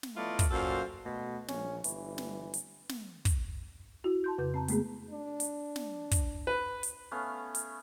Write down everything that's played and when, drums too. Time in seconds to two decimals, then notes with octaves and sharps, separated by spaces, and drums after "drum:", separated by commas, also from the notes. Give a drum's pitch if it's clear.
0.03 drum: snare
0.17 A3 B3 E4 F4 D5 D#5
0.39 drum: kick, hi-hat
0.51 F#2 A#2 F#4 A4 C5 F5
1.05 B2 A3
1.48 A#1 C#4, drum: snare
1.84 G1 E3, drum: hi-hat
2.18 drum: snare
2.54 drum: hi-hat
2.89 drum: snare
3.25 drum: kick, hi-hat
4.04 E4 F#4
4.24 A5 C6 G6
4.38 F2 C#3 B4 G6
4.54 C4 A5 A#5
4.68 G#3 A3 B3 C4 G#4, drum: hi-hat
5.11 D4
5.40 drum: hi-hat
5.76 drum: snare
6.11 drum: kick, hi-hat
6.47 B4
6.83 drum: hi-hat
7.11 A3 B3 C#4 F5
7.55 drum: hi-hat